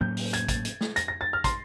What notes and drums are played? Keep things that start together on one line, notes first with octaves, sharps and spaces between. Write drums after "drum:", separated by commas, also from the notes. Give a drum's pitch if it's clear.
A2 F#3 A#3 C#4 G6
drum: open hi-hat
G#6, drum: hi-hat
A6, drum: kick, hi-hat
drum: hi-hat
drum: snare
A#6, drum: hi-hat
A#6
A6
F6
C6, drum: kick, hi-hat